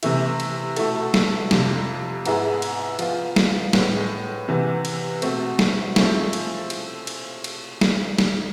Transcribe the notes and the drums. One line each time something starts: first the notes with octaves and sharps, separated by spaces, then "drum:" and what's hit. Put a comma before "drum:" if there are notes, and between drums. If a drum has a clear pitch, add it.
C3 E3 A3 E4, drum: cymbal
drum: cymbal
B2 A3 E4 A4, drum: cymbal
drum: snare
F2 C3 F3, drum: snare
G#2 G#3 B3 E4 G#4, drum: cymbal
drum: cymbal
F3 B3 F4, drum: cymbal
drum: snare
A2 G#3 B3, drum: snare
C3 E3 B3
drum: cymbal
B2 A3 C4, drum: cymbal
drum: snare
F3 A3 C4 E4 G#4, drum: snare
drum: cymbal
drum: cymbal
drum: cymbal
drum: cymbal
drum: snare
drum: snare